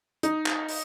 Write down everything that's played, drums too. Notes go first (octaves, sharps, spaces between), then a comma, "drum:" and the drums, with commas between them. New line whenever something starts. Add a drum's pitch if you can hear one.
D#4, drum: hi-hat
drum: clap
drum: open hi-hat